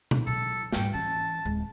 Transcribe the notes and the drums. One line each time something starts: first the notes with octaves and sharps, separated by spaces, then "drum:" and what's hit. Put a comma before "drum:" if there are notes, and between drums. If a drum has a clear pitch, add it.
drum: tom B2
F#3 E4 A4
G#2 G3 G5, drum: snare
E3 C#4 A5
D1 G#3